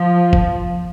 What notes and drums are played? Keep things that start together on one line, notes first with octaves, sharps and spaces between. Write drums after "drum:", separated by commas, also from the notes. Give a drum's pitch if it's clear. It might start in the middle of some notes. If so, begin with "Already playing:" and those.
Already playing: F3
drum: kick